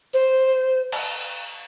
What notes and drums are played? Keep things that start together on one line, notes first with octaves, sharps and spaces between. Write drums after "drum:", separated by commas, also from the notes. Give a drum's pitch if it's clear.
C5, drum: tambourine
drum: cymbal